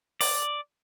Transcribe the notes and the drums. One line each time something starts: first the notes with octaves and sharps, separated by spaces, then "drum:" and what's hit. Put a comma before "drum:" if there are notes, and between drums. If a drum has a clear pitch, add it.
D5, drum: open hi-hat